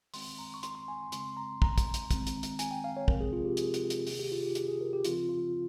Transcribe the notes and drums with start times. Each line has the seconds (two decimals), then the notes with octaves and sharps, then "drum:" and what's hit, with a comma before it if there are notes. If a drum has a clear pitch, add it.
0.14 D#3 G#3 C4 C6, drum: open hi-hat
0.38 A#5
0.54 C#6
0.63 C6, drum: hi-hat
0.75 C6
0.88 G#5
1.12 C#3 G#3 C4 C6, drum: hi-hat
1.37 A#5
1.62 A#5, drum: kick
1.78 drum: kick, hi-hat
1.94 drum: hi-hat
2.11 D#3 G#3 C4, drum: kick, hi-hat
2.27 drum: hi-hat
2.43 drum: hi-hat
2.59 G#5, drum: hi-hat
2.71 G5
2.84 F5
2.97 C#5
3.08 C3 F3 G#3 C4 A#4, drum: kick
3.21 G#4
3.33 F4
3.45 G4
3.57 G#4, drum: hi-hat
3.74 drum: hi-hat
3.90 drum: hi-hat
4.07 C3 D#3 A#3 G#4, drum: open hi-hat
4.20 G4
4.32 F4
4.43 G4
4.55 G#4, drum: hi-hat
4.68 G#4
4.81 A#4
4.93 G4
5.05 C#3 F3 C4 F4, drum: hi-hat
5.29 F4